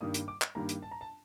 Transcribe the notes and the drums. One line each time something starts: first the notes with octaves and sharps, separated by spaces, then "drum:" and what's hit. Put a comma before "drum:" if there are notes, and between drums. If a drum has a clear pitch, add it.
G2 D#3 G3 A#3 D#6
drum: hi-hat
D6
drum: clap
G2 D#3 G3 A#3 A#5
drum: hi-hat
A5
A#5
A5